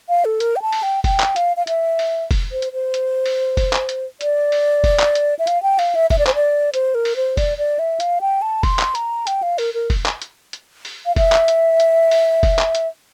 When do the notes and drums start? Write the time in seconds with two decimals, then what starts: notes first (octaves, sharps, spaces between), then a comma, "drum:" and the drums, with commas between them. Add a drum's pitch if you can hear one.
0.09 F5
0.25 A4
0.40 A#4, drum: hi-hat
0.56 G5
0.62 A5
0.72 drum: open hi-hat
0.83 G5
1.04 G5, drum: kick F1, open hi-hat
1.20 drum: clap
1.36 F5, drum: hi-hat
1.57 F5
1.67 E5, drum: hi-hat
1.99 drum: open hi-hat
2.31 drum: kick F1, open hi-hat
2.52 C5
2.62 drum: hi-hat
2.73 C5
2.94 drum: hi-hat
3.26 drum: open hi-hat
3.57 drum: kick F1, open hi-hat
3.73 drum: clap
3.89 drum: hi-hat
4.21 D5, drum: hi-hat
4.52 drum: open hi-hat
4.84 drum: kick F1, open hi-hat
5.00 drum: clap
5.15 drum: hi-hat
5.39 E5
5.47 F5, drum: hi-hat
5.63 G5
5.79 F5, drum: open hi-hat
5.95 E5
6.10 E5, drum: kick F1, open hi-hat
6.19 D5
6.27 C5, drum: clap
6.35 D5
6.74 C5, drum: hi-hat
6.95 A#4
7.05 drum: open hi-hat
7.16 C5
7.37 D5, drum: kick F1, open hi-hat
7.58 D5
7.79 E5
8.00 F5, drum: hi-hat
8.21 G5
8.42 A5
8.63 C6, drum: kick F1, open hi-hat
8.79 drum: clap
8.95 A#5, drum: hi-hat
9.27 G5, drum: hi-hat
9.43 F5
9.58 A#4, drum: open hi-hat
9.74 A#4
9.90 drum: kick F1, open hi-hat
10.06 drum: clap
10.22 drum: hi-hat
10.53 drum: hi-hat
10.85 drum: open hi-hat
11.06 F5
11.16 E5, drum: kick F1, open hi-hat
11.32 drum: clap
11.48 drum: hi-hat
11.80 drum: hi-hat
12.11 drum: open hi-hat
12.43 drum: kick F1, open hi-hat
12.59 drum: clap
12.75 drum: hi-hat